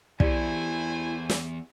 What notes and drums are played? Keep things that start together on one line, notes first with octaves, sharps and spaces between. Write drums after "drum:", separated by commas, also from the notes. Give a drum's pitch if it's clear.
E2 A3 E4 G4 C5 D5 G#5, drum: kick
drum: snare